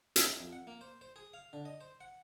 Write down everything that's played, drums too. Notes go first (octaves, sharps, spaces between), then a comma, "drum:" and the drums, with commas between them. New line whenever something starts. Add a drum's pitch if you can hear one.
drum: hi-hat
E5
F2
F#5
A#3
C5
C5
G#4
F5
D3
D#5
C5
F#5